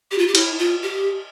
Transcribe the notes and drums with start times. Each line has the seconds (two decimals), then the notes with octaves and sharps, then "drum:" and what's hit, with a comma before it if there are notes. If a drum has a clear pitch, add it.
0.11 G4
0.18 F4
0.28 G4
0.35 E4, drum: cymbal
0.59 F4
0.83 G4